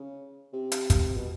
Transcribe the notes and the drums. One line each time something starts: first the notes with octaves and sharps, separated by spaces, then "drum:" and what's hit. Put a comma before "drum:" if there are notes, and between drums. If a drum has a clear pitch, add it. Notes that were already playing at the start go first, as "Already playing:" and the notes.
Already playing: C#3
C3
drum: hi-hat
drum: kick, hi-hat
B2